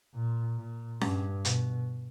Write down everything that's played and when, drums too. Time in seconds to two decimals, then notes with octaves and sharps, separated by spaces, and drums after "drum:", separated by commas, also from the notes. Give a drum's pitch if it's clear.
0.14 A#2
0.57 A#2
1.01 G2, drum: snare C#4
1.45 B2, drum: hi-hat